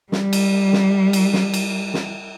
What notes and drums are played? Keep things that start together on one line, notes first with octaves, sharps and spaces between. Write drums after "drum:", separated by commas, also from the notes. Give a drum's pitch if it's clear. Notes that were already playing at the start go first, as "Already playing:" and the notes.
G3, drum: snare
drum: cymbal
drum: snare
drum: cymbal
drum: snare
drum: cymbal
drum: snare